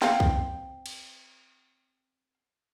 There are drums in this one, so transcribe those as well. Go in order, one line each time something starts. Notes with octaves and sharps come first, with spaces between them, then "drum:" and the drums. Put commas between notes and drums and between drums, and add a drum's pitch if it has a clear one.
C4 F5, drum: snare
drum: kick C2
drum: cymbal